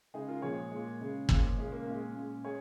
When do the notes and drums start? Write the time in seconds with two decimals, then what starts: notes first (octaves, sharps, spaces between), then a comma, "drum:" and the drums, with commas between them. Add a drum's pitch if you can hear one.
0.14 C#3 G#3 D#4 G#4
0.28 F4 A#4
0.42 A#2 F3 G#3 G#4 C#5
0.71 A#2 G#3
1.00 C#3 G#3
1.29 A#2 F3 G#3, drum: kick
1.58 C#3 G#3 C#4
1.72 A#3
1.86 A#2 G#3 C#4
2.01 C#4
2.15 A#2 G#3
2.44 G#3 G#4 C#5